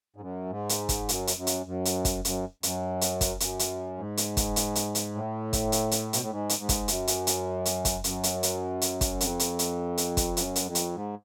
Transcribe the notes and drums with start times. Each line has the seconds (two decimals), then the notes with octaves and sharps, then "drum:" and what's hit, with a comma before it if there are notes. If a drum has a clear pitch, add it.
0.16 G#2
0.20 F#2
0.50 G#2
0.69 drum: hi-hat
0.89 drum: kick, hi-hat
1.09 F#2, drum: hi-hat
1.27 drum: hi-hat
1.37 F#2
1.47 drum: hi-hat
1.66 F#2
1.85 drum: hi-hat
2.05 drum: kick, hi-hat
2.25 F#2, drum: hi-hat
2.63 F#2, drum: hi-hat
3.01 drum: hi-hat
3.21 drum: kick, hi-hat
3.40 F#2, drum: hi-hat
3.59 drum: hi-hat
3.98 G#2
4.17 drum: hi-hat
4.37 drum: kick, hi-hat
4.56 drum: hi-hat
4.75 drum: hi-hat
4.95 drum: hi-hat
5.15 A2
5.53 drum: kick, hi-hat
5.72 drum: hi-hat
5.91 drum: hi-hat
6.13 B2, drum: hi-hat
6.22 A2
6.30 G#2
6.49 drum: hi-hat
6.59 G#2
6.69 drum: kick, hi-hat
6.88 F#2, drum: hi-hat
7.07 drum: hi-hat
7.27 drum: hi-hat
7.65 drum: hi-hat
7.85 drum: kick, hi-hat
8.04 F#2, drum: hi-hat
8.23 drum: hi-hat
8.43 drum: hi-hat
8.81 drum: hi-hat
9.01 drum: kick, hi-hat
9.21 F2, drum: hi-hat
9.40 drum: hi-hat
9.59 drum: hi-hat
9.98 drum: hi-hat
10.17 drum: kick, hi-hat
10.37 F#2, drum: hi-hat
10.56 drum: hi-hat
10.65 F2
10.75 drum: hi-hat
10.95 G#2